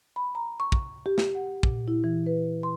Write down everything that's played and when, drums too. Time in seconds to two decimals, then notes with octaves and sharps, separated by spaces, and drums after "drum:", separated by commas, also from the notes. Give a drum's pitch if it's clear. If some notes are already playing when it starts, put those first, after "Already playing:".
0.16 B5
0.35 A#5
0.60 C#6
0.72 drum: kick
1.06 G4
1.18 drum: snare
1.35 F#5
1.63 A#2, drum: kick
1.88 E4
2.04 E3
2.26 B4
2.63 C6